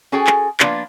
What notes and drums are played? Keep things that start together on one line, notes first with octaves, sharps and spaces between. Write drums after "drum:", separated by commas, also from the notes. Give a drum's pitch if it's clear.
C#4 F#4 G#4 A4 G5 G#5
drum: clap
F3 A#3 B3 D4 F4 B4, drum: clap